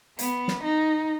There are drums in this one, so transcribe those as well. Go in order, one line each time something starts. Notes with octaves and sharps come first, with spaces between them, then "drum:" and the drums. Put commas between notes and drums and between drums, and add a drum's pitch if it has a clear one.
B3, drum: hi-hat
drum: snare
D#4